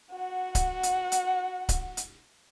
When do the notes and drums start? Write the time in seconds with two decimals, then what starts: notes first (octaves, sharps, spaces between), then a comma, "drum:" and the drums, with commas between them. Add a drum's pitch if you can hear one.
0.12 F#4 F#5
0.55 drum: kick C#1, hi-hat
0.83 drum: hi-hat
1.12 drum: hi-hat
1.69 drum: kick C#1, hi-hat
1.97 drum: hi-hat